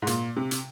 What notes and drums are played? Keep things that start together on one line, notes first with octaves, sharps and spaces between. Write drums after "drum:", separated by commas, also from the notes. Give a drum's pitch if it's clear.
G#2
A#2, drum: hi-hat
C3
drum: hi-hat